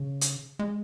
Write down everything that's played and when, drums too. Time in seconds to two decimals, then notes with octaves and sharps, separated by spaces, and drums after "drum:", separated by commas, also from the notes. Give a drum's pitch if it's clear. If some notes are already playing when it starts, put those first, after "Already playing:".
Already playing: C#3
0.21 drum: hi-hat
0.59 G#3